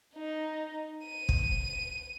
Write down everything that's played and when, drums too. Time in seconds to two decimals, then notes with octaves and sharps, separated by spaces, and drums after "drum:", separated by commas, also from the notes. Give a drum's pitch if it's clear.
0.15 D#4
1.06 D#7
1.29 drum: kick